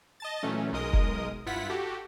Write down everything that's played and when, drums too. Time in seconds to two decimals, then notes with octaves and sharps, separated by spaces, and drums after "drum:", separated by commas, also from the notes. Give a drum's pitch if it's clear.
0.20 D#5 A5 A6
0.43 A#2 E3 F#3 A3 C#4
0.73 B1 G#3 A#4 D#5 D#6
0.93 drum: kick F1
1.46 G2 E4 F4 F#5 B6
1.69 F#4 G4 A4